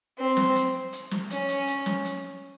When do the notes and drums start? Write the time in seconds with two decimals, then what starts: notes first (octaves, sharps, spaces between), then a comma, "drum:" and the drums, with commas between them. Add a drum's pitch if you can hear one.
0.18 C4
0.37 drum: snare
0.55 drum: hi-hat
0.93 drum: hi-hat
1.11 drum: snare
1.30 C#4, drum: hi-hat
1.49 drum: hi-hat
1.67 drum: hi-hat
1.86 drum: snare
2.05 drum: hi-hat